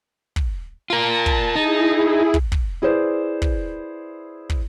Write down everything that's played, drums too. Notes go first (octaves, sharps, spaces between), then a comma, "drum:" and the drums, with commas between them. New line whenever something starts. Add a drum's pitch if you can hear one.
drum: kick
F4 A#4 A5
drum: kick
D#4 E4 G#4
drum: kick
drum: kick
E4 G#4 B4 C5 D5
drum: kick
drum: kick